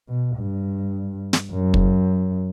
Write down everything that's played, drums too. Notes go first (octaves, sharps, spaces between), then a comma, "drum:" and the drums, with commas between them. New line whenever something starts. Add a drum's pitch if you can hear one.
B2
G2
drum: snare
F#2
drum: kick